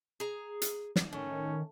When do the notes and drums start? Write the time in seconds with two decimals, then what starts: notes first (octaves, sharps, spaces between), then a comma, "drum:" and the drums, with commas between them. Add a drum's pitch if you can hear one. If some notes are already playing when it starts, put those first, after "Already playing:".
0.20 G#4 A#5
0.62 drum: hi-hat
0.96 drum: snare
1.13 A2 D#3 C#4